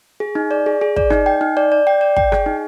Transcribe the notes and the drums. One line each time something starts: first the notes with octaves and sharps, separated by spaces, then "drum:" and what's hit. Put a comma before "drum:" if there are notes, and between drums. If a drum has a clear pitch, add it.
G#4
D#4
D5
G#4
G#4
D5, drum: kick
D#4, drum: rim click
G5
D#4
D5
D5
G5
D5
G5, drum: kick
G#4, drum: rim click
D#4